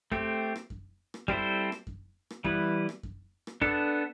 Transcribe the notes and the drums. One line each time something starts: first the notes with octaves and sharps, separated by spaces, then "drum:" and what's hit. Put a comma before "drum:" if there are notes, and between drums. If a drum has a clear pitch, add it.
A3 C4 G4, drum: kick F#2
drum: rim click
drum: kick F#2
drum: rim click
G3 C4 E4 A4 C5, drum: kick F#2
drum: rim click
drum: kick F#2
drum: rim click
E3 G3 B3 E4 B4, drum: kick F#2
drum: rim click
drum: kick F#2
drum: rim click
B3 D4 A4, drum: kick F#2